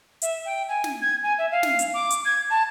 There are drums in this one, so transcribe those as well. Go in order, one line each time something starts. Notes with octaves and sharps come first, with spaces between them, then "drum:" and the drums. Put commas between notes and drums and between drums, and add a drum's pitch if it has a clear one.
E5, drum: hi-hat
G5
G#5
drum: snare
G#6
G#5
E5
F5
drum: snare
drum: hi-hat
D6
drum: hi-hat
G#6
A5